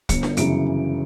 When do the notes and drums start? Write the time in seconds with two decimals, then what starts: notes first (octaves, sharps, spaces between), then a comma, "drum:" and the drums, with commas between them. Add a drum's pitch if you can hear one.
0.09 G1 C#7, drum: kick, hi-hat
0.23 drum: snare D4
0.37 F#2 C#3 E3 D7, drum: hi-hat